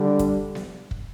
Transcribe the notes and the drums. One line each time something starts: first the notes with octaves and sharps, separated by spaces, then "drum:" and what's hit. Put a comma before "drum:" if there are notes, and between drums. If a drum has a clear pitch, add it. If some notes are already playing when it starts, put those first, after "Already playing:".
Already playing: D3 G3
drum: kick, hi-hat
drum: snare B3
drum: kick